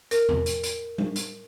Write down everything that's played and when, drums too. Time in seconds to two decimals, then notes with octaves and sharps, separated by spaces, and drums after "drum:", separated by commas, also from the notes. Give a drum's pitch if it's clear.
0.11 A#4, drum: hi-hat
0.29 drum: tom E2
0.46 drum: hi-hat
0.64 drum: hi-hat
0.98 drum: tom G3
1.16 drum: hi-hat